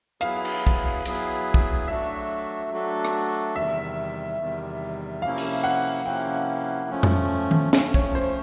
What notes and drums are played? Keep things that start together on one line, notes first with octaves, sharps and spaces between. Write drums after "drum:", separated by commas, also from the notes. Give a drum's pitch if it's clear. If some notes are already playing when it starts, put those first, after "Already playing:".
F#3 B3 E4 G#4 B4 F5, drum: hi-hat
drum: cymbal
drum: kick
F#3 B3 E4 G#4 B4, drum: cymbal
drum: kick
F#3 A3 D4 F#4 A4 E5
F#3 A3 D4 F#4 A4
drum: rim click
E2 C3 D#3 G3 E5
E2 C3 D#3 G3
C3 F3 A#3 C#4 E4 F5
drum: open hi-hat
F#5
C3 F3 A#3 C#4 E4 G5
F3 A3 C#4
drum: tom F2
drum: tom D#3
F3 A3 C#4, drum: snare
C#5, drum: kick
C5